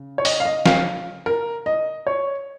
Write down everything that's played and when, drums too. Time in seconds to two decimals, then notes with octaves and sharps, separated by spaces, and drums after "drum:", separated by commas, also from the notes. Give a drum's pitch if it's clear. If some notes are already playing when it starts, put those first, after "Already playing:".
Already playing: C#3
0.18 C#5
0.25 D#5, drum: open hi-hat
0.40 F5
0.45 D#5
0.66 F5, drum: snare
1.26 A#4
1.66 D#5
2.07 C#5